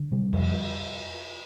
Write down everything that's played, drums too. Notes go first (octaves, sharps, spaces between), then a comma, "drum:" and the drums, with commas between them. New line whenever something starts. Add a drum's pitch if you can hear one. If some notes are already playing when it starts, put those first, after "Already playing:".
Already playing: D3
C3 G3
F2, drum: cymbal